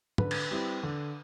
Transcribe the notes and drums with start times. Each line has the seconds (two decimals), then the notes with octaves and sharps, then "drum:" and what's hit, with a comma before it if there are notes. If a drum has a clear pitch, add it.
0.18 D3 B4, drum: tom
0.31 drum: cymbal
0.51 G3 C4 E4
0.83 D3